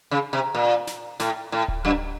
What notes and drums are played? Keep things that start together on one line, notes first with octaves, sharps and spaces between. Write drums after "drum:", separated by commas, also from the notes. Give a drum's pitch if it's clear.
C#3
C3
A#2
drum: snare
A2, drum: snare
A2
drum: kick D1
F#2